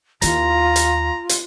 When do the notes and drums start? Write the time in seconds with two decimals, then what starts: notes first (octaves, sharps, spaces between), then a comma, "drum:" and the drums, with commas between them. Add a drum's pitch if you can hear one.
0.22 D#2 E4 F4 A#5, drum: hi-hat
0.76 drum: hi-hat
1.29 drum: hi-hat